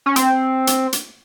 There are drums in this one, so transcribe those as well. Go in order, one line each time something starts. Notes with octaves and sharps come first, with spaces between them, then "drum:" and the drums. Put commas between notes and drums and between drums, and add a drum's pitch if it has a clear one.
C#4
C4, drum: hi-hat
drum: hi-hat
drum: hi-hat